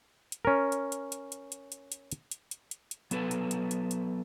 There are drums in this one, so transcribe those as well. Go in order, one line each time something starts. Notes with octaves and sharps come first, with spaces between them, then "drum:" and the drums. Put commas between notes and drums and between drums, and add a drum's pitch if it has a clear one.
drum: hi-hat
C#4 A#4
drum: hi-hat
drum: hi-hat
drum: hi-hat
drum: hi-hat
drum: hi-hat
drum: hi-hat
drum: hi-hat
drum: hi-hat
drum: hi-hat
drum: hi-hat
drum: hi-hat
drum: hi-hat
F#3 B3 A4 B4, drum: hi-hat
drum: hi-hat
drum: hi-hat
drum: hi-hat
drum: hi-hat